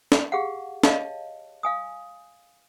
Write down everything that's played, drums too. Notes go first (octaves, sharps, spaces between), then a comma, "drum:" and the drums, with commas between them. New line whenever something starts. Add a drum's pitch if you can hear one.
drum: snare
G4 G#4 F5 F#5
C#5 D#5 F5 A5, drum: snare
F5 G#5 D#6